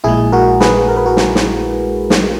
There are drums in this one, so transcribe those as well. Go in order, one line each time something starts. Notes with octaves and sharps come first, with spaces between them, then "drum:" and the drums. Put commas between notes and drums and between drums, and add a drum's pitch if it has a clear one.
A#1 A#2 G#3 E4 G#4
F#4 A#4
G#4 B4, drum: snare
A#4
B4
F#4 A#4
drum: snare
drum: snare
drum: snare